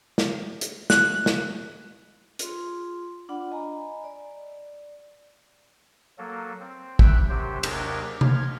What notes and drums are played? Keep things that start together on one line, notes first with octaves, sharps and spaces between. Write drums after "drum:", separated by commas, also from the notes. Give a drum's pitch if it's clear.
drum: snare
drum: hi-hat
F#6, drum: snare
drum: snare
F4 G#4 C6, drum: hi-hat
D4 F4 D5 F#5 B5
D#5 G#5 A#5 B5
D5
F#3 A#3 A4
C4
G2 E5 G5 F#6, drum: kick
F#2 C3 F#3 G4 C5
D#2 C3 F#3 D4 G#4 A#4, drum: cymbal
F3 F6 G#6, drum: tom C3